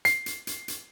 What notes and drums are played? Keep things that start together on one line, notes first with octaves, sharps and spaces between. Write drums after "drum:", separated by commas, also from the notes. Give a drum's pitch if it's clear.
C7, drum: hi-hat
drum: hi-hat
drum: hi-hat
drum: hi-hat